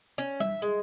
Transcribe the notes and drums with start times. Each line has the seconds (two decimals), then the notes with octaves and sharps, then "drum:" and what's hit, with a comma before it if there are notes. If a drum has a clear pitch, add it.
0.18 C#4
0.40 E5, drum: tom G3
0.62 G#3